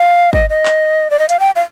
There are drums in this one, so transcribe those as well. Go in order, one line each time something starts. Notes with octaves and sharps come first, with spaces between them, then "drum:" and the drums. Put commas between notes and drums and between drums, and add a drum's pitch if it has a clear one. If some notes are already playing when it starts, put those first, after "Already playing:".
Already playing: F5
D#5, drum: kick
D#5
drum: clap
D5
D#5
F5, drum: hi-hat
G5
F5